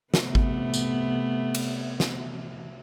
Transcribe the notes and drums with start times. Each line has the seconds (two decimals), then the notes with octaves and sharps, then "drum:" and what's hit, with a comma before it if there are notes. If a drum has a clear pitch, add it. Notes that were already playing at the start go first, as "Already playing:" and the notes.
0.14 C3 A3 B3, drum: snare
0.35 drum: kick G#1
0.74 drum: tambourine
1.55 drum: cymbal
2.00 drum: snare